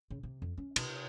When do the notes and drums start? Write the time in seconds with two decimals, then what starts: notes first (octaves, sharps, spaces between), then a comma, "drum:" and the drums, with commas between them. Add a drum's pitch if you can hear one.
0.10 C#3
0.23 C3
0.42 F2
0.58 C#4
0.76 C3, drum: cymbal